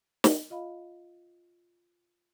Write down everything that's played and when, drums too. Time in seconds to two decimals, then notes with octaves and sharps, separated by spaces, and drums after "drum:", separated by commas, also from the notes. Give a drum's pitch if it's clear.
0.24 drum: snare
0.50 F4 D#5 F5 B5